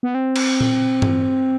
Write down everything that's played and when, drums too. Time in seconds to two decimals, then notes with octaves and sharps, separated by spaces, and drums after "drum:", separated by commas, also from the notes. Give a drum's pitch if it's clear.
0.03 B3
0.15 C4
0.36 drum: cymbal
0.61 drum: tom A#2
1.02 drum: tom G2